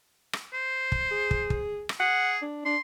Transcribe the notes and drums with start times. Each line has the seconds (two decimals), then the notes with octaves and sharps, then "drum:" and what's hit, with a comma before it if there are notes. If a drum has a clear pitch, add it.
0.33 drum: rim click
0.54 C5
0.92 drum: kick
1.11 G#4
1.31 drum: kick
1.50 drum: kick
1.89 drum: rim click
2.00 G#4 F#5
2.42 D4
2.65 D4 C6